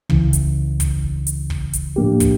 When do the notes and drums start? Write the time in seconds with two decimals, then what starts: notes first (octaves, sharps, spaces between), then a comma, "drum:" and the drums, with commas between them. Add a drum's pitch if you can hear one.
0.10 C#2 C#3 E3, drum: kick
0.33 drum: hi-hat
0.80 drum: kick, hi-hat
1.27 drum: hi-hat
1.50 drum: kick
1.73 drum: hi-hat
1.96 A2 F3 A#3 D4 G4
2.20 drum: kick, hi-hat